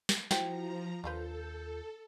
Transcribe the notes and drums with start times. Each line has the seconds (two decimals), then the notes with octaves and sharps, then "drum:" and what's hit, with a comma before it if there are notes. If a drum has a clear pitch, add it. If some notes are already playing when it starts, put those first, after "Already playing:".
0.09 drum: snare
0.31 F3 E4 F#4 C5 G5 A#5, drum: snare
1.04 D#2 D3 F3 F4 A4 B4 G6